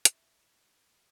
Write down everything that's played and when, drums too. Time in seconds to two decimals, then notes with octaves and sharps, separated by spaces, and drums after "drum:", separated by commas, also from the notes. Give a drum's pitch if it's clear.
0.05 E4, drum: hi-hat